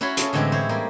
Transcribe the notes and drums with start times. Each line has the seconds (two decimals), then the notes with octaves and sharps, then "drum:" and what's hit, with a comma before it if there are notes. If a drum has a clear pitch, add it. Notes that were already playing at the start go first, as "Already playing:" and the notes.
0.01 C#4 E4 F#4 C#5 B5 C6
0.17 C#4 F4 G#4 A4, drum: hi-hat
0.33 A2 D3 E3 G#3 C4 G4
0.52 E4 C5 C#5
0.69 G3 A#3